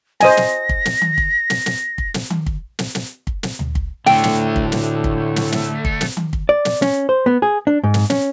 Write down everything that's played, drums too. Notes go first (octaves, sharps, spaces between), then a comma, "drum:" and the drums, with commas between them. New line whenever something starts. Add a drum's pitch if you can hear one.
C5 D#5 G#5 A#6, drum: snare
drum: snare
drum: kick
drum: snare
drum: tom D#3
drum: kick
drum: snare
drum: snare
drum: kick
drum: snare
drum: tom D#3
drum: kick
drum: snare
drum: snare
drum: kick
drum: snare
drum: tom D2
drum: kick
A2 D3 A3 G5, drum: snare
drum: snare
drum: kick
drum: snare
drum: kick
drum: snare
drum: snare
drum: kick
drum: snare
drum: tom D#3
drum: kick
D5
drum: snare
C#4, drum: snare
C5
B3
G#4
D4
G#2
drum: snare
C#4, drum: snare